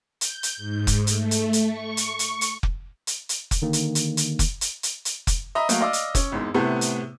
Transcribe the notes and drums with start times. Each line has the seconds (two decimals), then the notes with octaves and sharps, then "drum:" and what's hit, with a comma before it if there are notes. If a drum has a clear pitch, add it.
0.21 G6, drum: hi-hat
0.43 drum: hi-hat
0.57 G#2
0.87 drum: kick F1, hi-hat
1.07 A3, drum: hi-hat
1.31 drum: hi-hat
1.53 drum: hi-hat
1.67 C#6
1.97 drum: hi-hat
2.19 drum: hi-hat
2.41 drum: hi-hat
2.63 drum: kick F1
3.07 drum: hi-hat
3.29 drum: hi-hat
3.51 drum: kick F1, hi-hat
3.62 D3 D#3 A#3
3.73 drum: hi-hat
3.95 drum: hi-hat
4.17 drum: hi-hat
4.39 drum: kick F1, hi-hat
4.61 drum: hi-hat
4.83 drum: hi-hat
5.05 drum: hi-hat
5.27 drum: kick F1, hi-hat
5.55 D#5 E5 A#5 B5 D#6
5.69 F#3 A3 A#3, drum: hi-hat
5.81 D5 D#5 F5 D6 E6
5.93 drum: hi-hat
6.15 C#4, drum: kick F1, hi-hat
6.32 G#1 E2 G#2
6.54 A2 C3 A3 B3
6.81 drum: hi-hat